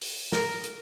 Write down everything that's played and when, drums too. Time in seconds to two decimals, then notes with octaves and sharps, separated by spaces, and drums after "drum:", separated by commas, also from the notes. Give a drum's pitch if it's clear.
0.01 drum: open hi-hat
0.32 A#4, drum: snare
0.64 drum: hi-hat